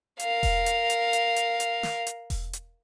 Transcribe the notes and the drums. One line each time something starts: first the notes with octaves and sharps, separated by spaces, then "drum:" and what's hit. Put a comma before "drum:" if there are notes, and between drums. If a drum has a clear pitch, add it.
A#4 F5, drum: hi-hat
drum: kick E1, open hi-hat
drum: hi-hat
drum: hi-hat
drum: hi-hat
drum: hi-hat
drum: hi-hat
drum: snare
drum: hi-hat
drum: kick E1, open hi-hat
drum: hi-hat